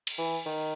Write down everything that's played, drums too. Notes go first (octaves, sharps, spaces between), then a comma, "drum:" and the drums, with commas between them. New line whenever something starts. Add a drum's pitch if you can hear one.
drum: cymbal
E3
D#3